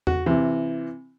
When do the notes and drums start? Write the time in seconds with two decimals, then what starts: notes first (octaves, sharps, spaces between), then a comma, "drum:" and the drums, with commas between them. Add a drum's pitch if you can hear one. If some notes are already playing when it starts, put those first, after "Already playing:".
0.07 F#4, drum: tom E2
0.26 C3 E3